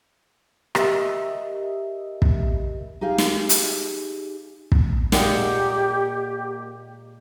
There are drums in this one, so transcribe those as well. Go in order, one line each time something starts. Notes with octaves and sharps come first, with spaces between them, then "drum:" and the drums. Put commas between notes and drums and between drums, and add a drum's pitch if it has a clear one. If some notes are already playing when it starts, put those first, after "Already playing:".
G4 A#4 D#5 E5, drum: rim click
drum: kick
D#4 G4 G#4 F5
drum: snare
drum: hi-hat
drum: kick
A#2 G#3 A#3 G4 F#5 G5, drum: snare